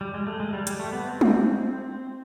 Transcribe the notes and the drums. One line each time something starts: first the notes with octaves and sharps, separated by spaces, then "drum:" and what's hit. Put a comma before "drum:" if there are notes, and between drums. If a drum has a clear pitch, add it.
G3
G#3
A3
G#3
G3
G3, drum: hi-hat
A3
B3
C4
drum: tom G3